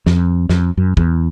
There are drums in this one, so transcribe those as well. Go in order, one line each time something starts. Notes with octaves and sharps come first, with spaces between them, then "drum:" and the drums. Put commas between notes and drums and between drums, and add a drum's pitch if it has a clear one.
F2, drum: snare
F2, drum: snare
F#2
E2, drum: kick